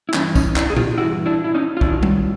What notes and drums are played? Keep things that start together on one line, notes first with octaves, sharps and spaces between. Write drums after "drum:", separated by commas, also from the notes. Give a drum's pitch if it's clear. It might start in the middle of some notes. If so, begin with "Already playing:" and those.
E4
G2 E3 C#4 D#4, drum: clap
C#4 D#4, drum: kick, tambourine
D4 E4, drum: clap
G#4
F4 G4, drum: tom A#2
G2 E3 E4 F#4
D4 E4
E4
C#4 D#4
F4
F#2 D#3 F#3 D4 E4, drum: kick
drum: tom G3